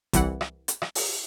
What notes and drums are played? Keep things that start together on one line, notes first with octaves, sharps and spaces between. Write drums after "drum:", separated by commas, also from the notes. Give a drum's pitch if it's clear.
C2 E3 F#5, drum: kick G#1, hi-hat
drum: rim click
drum: hi-hat
drum: rim click
drum: open hi-hat